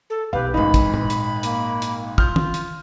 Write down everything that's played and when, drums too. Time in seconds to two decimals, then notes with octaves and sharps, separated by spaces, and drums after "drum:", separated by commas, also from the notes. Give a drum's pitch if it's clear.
0.10 A4
0.33 B1 G4 B4 F5
0.54 G#1 D#2 C#3 E3 D#4 B5
0.74 drum: kick, hi-hat
0.94 A#2, drum: tom A2
1.10 drum: hi-hat
1.43 A#3, drum: hi-hat
1.82 drum: hi-hat
2.18 F4 F6 G6, drum: kick
2.36 drum: tom
2.54 drum: hi-hat